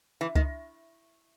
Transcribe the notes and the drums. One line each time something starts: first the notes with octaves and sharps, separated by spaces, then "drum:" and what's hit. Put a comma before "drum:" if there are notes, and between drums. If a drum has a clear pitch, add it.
E3
D#3, drum: kick C#2